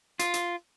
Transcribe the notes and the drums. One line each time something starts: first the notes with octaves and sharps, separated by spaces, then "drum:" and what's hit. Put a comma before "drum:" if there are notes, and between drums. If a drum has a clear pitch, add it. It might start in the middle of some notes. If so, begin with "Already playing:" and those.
F4, drum: hi-hat
drum: hi-hat